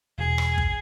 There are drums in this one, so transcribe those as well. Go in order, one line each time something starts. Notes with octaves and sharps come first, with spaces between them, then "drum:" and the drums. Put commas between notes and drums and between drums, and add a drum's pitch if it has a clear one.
E1 G#4
drum: rim click
drum: kick